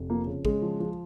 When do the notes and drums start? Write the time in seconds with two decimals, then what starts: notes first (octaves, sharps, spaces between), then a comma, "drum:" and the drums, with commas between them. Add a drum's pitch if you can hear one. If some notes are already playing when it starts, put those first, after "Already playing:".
Already playing: F1
0.10 F3 A#3
0.27 C#3
0.45 C#3 G#3, drum: kick A1
0.62 F3
0.80 F3